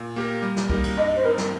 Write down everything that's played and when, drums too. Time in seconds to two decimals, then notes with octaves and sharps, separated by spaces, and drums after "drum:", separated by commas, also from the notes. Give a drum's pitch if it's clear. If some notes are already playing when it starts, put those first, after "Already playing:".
Already playing: A#2
0.16 A#3 G4 A#4
0.42 G3
0.57 drum: snare
0.70 A#3 D#4 G4 A#4, drum: kick C2
0.84 drum: cymbal
0.97 G2 D#5
1.15 C5
1.24 G3 C4 D#4 A#4
1.38 drum: snare